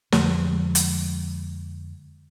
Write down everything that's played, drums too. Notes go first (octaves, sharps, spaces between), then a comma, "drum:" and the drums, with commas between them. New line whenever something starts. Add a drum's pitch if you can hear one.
F2 D3 F3 G#3, drum: snare
drum: hi-hat